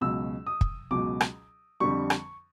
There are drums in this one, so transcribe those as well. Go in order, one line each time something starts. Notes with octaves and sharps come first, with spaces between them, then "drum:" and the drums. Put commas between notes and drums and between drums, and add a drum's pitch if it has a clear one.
C#2 B2 F#3 E6
D#6
drum: kick
C#2 B2 F#3 D6
drum: rim click
F2 D3 G3 C#6
drum: rim click